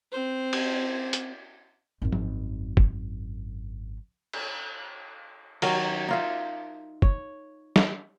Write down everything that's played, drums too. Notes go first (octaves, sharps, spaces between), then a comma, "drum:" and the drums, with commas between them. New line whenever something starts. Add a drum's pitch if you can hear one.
C4 C5
drum: cymbal
drum: hi-hat
G#1 F#2
drum: tom F3
drum: kick
drum: cymbal
D#3 F#3 A#4, drum: cymbal
D#4 F4 E5
C#5, drum: kick
drum: snare